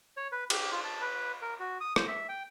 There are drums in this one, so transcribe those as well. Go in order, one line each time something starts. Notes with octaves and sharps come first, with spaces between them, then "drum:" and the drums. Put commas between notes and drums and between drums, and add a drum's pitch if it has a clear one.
C#5
B4
G4, drum: cymbal
F4
A5
B4
A#4
F#4
D#6
C5, drum: rim click
E5
G5